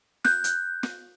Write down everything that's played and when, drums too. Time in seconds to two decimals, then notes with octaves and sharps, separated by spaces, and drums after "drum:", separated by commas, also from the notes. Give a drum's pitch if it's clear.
0.25 F#6 G6, drum: snare
0.44 drum: hi-hat
0.83 drum: snare